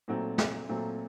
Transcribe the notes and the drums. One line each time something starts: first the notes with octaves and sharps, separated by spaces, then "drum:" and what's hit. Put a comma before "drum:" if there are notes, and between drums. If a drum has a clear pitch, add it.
A#2 F#3 A3 C4
drum: snare
A#2 F#3 A3 C4